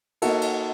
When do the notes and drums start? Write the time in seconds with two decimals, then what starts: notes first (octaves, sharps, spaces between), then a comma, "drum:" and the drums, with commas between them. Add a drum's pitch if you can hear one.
0.22 A#3 D#4 F#4 A4, drum: cymbal
0.41 drum: cymbal